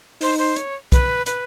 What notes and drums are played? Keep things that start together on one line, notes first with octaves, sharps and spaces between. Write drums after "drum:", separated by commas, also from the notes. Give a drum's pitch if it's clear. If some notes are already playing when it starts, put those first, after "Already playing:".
D#4 C5, drum: open hi-hat
C5
C#5, drum: hi-hat
B4, drum: kick, hi-hat
B4, drum: hi-hat